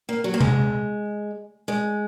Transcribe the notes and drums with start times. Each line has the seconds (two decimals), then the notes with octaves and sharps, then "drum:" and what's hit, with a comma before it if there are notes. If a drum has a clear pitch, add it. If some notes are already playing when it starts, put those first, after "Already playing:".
0.09 A#3
0.24 F#3
0.34 A#3
0.40 G#3, drum: tom C3
1.68 G#3